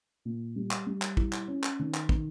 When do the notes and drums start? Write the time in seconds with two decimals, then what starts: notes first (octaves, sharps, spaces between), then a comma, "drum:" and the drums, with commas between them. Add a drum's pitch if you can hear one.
0.25 A#2
0.56 G3
0.71 drum: clap
0.87 G3
1.02 drum: clap
1.17 E4, drum: kick
1.33 drum: clap
1.48 C#4
1.64 drum: clap
1.79 D#3
1.94 drum: clap
2.09 D#3, drum: kick